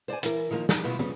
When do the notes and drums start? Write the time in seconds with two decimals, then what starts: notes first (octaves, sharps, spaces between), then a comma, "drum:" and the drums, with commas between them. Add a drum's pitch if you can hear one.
0.08 C5 D5 G5 G#5
0.23 E3 A#4, drum: hi-hat
0.51 D#3 F3 A#3 D#4
0.69 F#2 G3 D5, drum: snare
0.84 B2 A3 B3 E4 F4
0.99 C#3 F3 G3 B3, drum: tom